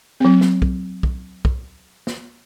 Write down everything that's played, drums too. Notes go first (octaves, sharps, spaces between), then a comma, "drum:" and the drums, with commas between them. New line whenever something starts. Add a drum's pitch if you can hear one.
F#3 C4
drum: snare
drum: kick
drum: kick
drum: kick
drum: snare